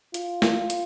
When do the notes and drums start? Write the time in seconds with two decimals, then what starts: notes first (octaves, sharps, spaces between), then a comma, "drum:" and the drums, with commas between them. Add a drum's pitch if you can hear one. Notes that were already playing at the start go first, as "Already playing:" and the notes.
0.14 F4, drum: hi-hat
0.42 drum: snare
0.70 drum: hi-hat